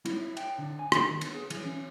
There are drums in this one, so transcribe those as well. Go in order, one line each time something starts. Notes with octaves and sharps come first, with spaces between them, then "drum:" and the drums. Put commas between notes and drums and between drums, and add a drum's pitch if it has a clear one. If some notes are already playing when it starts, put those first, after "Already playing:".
E4, drum: cymbal
E4
G5, drum: cymbal
D3
G#5
D4, drum: rim click
D#3
B3, drum: cymbal
G#4
E3, drum: cymbal
C#4